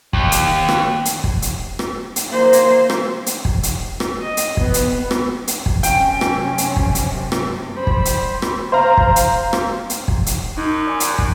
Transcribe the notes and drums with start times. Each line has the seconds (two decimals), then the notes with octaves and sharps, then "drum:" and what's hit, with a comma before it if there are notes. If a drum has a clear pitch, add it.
0.13 D#2, drum: kick
0.32 drum: hi-hat
0.69 drum: rim click
1.05 drum: hi-hat
1.24 drum: kick
1.42 drum: hi-hat
1.79 drum: rim click
2.16 drum: hi-hat
2.31 A#3 C5
2.53 drum: hi-hat
2.90 drum: rim click
3.26 drum: hi-hat
3.45 drum: kick
3.63 drum: hi-hat
4.00 drum: rim click
4.21 D#5
4.37 drum: hi-hat
4.57 B3, drum: kick
4.74 drum: hi-hat
5.11 drum: rim click
5.47 drum: hi-hat
5.66 drum: kick
5.83 F#2 C3 C#4 G5, drum: hi-hat
6.21 drum: rim click
6.58 drum: hi-hat
6.76 drum: kick
6.95 drum: hi-hat
7.32 drum: rim click
7.77 G3 C5 B5
7.87 drum: kick
8.05 drum: hi-hat
8.42 drum: rim click
8.72 C5 F5 A#5
8.97 drum: kick
9.16 drum: hi-hat
9.53 drum: rim click
9.90 drum: hi-hat
10.08 drum: kick
10.26 drum: hi-hat
10.57 F#2 D#4
10.87 D5 G#5 C#6
11.00 drum: hi-hat
11.19 drum: kick